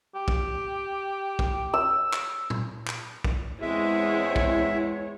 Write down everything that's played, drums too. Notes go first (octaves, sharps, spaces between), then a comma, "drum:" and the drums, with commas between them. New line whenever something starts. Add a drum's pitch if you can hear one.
G4
drum: kick
drum: kick
E6
drum: clap
drum: tom
drum: clap
drum: kick
E2 G#3 C4 E4 C#5 E5
drum: kick